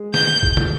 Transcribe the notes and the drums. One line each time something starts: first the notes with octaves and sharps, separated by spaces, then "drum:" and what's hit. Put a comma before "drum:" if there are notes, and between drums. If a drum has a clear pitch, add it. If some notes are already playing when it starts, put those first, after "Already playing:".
Already playing: G#3 G#4
G6, drum: snare
drum: kick
drum: tom